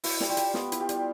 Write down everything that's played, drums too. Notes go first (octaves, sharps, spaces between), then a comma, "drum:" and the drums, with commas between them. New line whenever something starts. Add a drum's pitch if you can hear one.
E4 F#4, drum: open hi-hat
G3, drum: snare
F4 G4
G3, drum: hi-hat
B3 F4, drum: snare
E4, drum: hi-hat
F4 G4
G3, drum: hi-hat